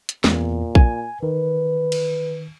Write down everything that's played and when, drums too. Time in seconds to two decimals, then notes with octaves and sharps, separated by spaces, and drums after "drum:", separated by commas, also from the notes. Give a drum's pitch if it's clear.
0.09 drum: hi-hat
0.24 E2 A#2, drum: snare
0.75 G#5, drum: kick A#1
1.23 D#3 B4
1.92 drum: cymbal